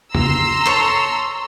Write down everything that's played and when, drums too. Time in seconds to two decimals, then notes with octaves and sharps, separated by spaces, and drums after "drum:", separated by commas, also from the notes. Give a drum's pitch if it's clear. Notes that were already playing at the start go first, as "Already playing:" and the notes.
0.15 A#5 C6 E6, drum: tom
0.66 A4 C#5